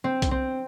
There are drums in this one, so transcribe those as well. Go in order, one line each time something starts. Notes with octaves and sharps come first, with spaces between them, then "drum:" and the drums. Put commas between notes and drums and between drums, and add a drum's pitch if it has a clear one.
C4
drum: kick C2, hi-hat
C4